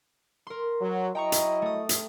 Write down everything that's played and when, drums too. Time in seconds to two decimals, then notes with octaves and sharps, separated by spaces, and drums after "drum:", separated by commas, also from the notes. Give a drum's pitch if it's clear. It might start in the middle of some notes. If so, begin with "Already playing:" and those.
0.47 A#4 C6
0.80 F#3
1.15 F#3 E4 D#5 G5 A#5 C#6
1.32 drum: hi-hat
1.62 A3 D#6
1.89 drum: hi-hat